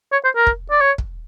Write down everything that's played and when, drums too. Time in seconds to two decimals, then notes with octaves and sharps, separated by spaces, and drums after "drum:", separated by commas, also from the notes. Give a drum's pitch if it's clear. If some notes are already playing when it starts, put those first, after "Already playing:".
0.12 C#5
0.24 C5
0.36 A#4
0.47 drum: kick
0.71 D5
0.81 C#5
0.98 drum: kick